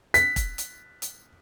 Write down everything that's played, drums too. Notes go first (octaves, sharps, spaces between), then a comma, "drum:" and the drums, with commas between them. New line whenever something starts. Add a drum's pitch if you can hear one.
B6, drum: hi-hat
drum: kick E1, hi-hat
drum: hi-hat
drum: hi-hat